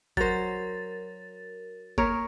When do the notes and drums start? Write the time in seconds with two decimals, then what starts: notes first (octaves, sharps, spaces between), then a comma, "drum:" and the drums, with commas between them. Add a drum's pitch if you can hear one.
0.17 F#3 A#4 C5 A6, drum: kick G1
1.98 A#3 A#4 C#5, drum: kick G1